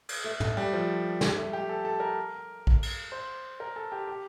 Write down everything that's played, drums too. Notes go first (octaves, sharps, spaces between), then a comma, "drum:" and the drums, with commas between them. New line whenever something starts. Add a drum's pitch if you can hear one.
drum: cymbal
A3
A3, drum: tom
G3
F3
G3, drum: snare
A3
G4
A4
A4
A#4
drum: kick A#1
drum: cymbal
C5
A#4
A4
G4
G4